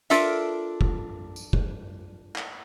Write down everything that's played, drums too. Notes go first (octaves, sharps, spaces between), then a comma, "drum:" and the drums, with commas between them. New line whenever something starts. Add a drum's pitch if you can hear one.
D4 F4 A4 A#4 E5, drum: hi-hat
drum: kick F1
drum: tambourine
drum: kick F1
drum: clap